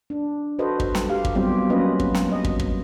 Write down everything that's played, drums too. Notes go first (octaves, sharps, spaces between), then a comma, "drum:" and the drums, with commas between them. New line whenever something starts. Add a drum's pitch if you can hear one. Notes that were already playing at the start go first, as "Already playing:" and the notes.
D4
F#4 A4 B4 C5 D#5
drum: kick
drum: snare
G4 F5
drum: kick
F#3 G3 B3 C4 F4 G4
F#3 A#3 C#4 F4 B4 D#5
drum: kick
drum: snare
D#5
drum: kick
drum: kick